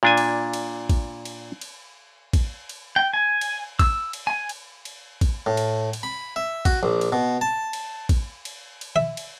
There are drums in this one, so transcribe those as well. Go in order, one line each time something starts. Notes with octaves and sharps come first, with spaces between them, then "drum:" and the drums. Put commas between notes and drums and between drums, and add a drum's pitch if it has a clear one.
A#2 D4 G#5
drum: cymbal
drum: cymbal
drum: kick A1, cymbal
drum: cymbal
drum: cymbal
drum: kick A1, cymbal
drum: cymbal
G5
G#5
drum: cymbal
E6, drum: kick A1, cymbal
drum: cymbal
G#5
drum: cymbal
drum: cymbal
drum: kick A1, cymbal
A2
drum: cymbal
drum: cymbal
B5
E5
F#4, drum: kick A1, cymbal
A#1
drum: cymbal
B2
A5
drum: cymbal
drum: kick A1, cymbal
drum: cymbal
drum: cymbal
E5
drum: cymbal